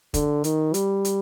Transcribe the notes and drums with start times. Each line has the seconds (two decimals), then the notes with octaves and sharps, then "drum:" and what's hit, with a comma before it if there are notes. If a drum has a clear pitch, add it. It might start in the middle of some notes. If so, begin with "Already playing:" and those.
0.14 D3, drum: kick, hi-hat
0.44 D#3, drum: hi-hat
0.74 G3, drum: hi-hat
1.05 drum: hi-hat